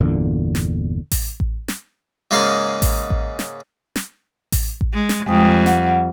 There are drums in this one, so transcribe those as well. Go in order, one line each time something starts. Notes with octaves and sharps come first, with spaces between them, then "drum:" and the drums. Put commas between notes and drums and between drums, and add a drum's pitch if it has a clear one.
G1 E2 A#2 D3
drum: snare
drum: kick A1, open hi-hat
drum: kick A1
drum: snare
G#2 C#3 G#3 A#3 F5 C6
drum: kick A1, open hi-hat
drum: kick A1
drum: snare
drum: snare
drum: kick A1, open hi-hat
drum: kick A1
G#3
drum: snare
F2 G3 G#3 G5 D#6
F#5, drum: snare